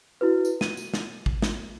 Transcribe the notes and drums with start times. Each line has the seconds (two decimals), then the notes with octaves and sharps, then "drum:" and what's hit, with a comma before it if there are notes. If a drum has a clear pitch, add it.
0.21 E4 F#4 B4
0.45 drum: tambourine
0.61 D#7, drum: snare
0.77 drum: tambourine
0.94 drum: snare
1.26 drum: kick
1.42 drum: snare